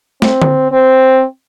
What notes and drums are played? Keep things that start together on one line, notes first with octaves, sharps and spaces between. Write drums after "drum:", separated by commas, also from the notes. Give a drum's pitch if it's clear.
C4, drum: snare
drum: tom D3
C4